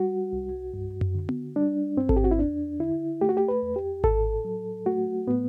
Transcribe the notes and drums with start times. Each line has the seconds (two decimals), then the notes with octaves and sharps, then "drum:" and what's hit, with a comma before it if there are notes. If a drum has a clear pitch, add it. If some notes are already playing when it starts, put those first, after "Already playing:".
Already playing: G3 F#4
0.33 C2
0.74 G2
1.01 drum: tom F#2
1.15 D3
1.29 drum: tom B3
1.56 G3 D4
1.97 G2 C4
2.09 A4, drum: kick G#1
2.17 G4
2.24 F#4
2.31 E4
2.39 E2 D4
2.79 D3 E4
3.21 A3 G4
3.29 F#4
3.37 G4
3.48 B4
3.63 E2
3.76 G4
4.04 A2 A4, drum: kick G#1
4.45 F#3
4.86 A3 F#4
5.27 A2 B3